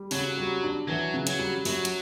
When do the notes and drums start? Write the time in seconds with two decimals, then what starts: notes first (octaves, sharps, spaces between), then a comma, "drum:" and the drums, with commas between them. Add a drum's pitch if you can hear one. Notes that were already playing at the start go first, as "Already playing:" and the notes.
Already playing: G3
0.11 C#3 F#3, drum: open hi-hat
0.38 G3
0.63 D4
0.88 E3 F#3
1.14 C#3
1.27 F#3, drum: hi-hat
1.39 G3
1.65 F#2 F#3, drum: open hi-hat
1.85 drum: hi-hat